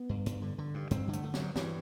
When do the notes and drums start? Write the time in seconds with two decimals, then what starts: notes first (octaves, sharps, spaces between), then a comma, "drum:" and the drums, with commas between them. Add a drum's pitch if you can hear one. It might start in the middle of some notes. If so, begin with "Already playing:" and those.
Already playing: B3
0.09 G2
0.26 G2, drum: hi-hat
0.42 D3
0.58 D3
0.74 G2
0.91 G2 C4, drum: hi-hat
1.08 D3
1.13 A3, drum: hi-hat
1.23 D3
1.34 F#3, drum: snare
1.40 G2
1.56 G2 E3, drum: snare